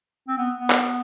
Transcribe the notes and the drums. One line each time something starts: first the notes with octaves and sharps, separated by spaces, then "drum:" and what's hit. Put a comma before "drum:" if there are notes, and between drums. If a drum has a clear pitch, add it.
C4
B3
B3
drum: clap